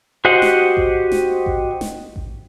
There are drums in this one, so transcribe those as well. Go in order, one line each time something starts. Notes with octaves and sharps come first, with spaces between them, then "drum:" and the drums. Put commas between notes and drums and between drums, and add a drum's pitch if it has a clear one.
F#4 G4 C5 D#5 F#5
drum: snare
drum: kick A1
drum: snare
drum: kick A1
drum: snare
drum: kick A1